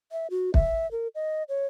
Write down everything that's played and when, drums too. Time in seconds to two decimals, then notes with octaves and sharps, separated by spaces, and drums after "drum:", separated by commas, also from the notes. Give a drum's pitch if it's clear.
0.12 E5
0.31 F#4
0.54 E5, drum: kick
0.91 A#4
1.15 D#5
1.49 C#5